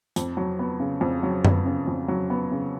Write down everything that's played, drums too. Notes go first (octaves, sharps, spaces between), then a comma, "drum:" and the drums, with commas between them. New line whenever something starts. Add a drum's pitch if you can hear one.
F2, drum: hi-hat
F#3
B3
C#3
F2
F#3
B3, drum: tom F#2
C#3
F2
F#3
B3
C#3